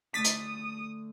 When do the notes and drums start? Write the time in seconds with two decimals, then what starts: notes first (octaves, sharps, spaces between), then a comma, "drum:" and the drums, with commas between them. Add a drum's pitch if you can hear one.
0.14 D3 A3 D4 D#6 A6 B6
0.24 drum: hi-hat